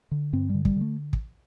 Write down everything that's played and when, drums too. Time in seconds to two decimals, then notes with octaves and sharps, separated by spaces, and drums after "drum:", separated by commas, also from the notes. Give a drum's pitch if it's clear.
0.11 D3
0.33 G2 C4
0.50 D3 G3
0.65 G3, drum: kick
0.76 D3 A3
1.13 drum: kick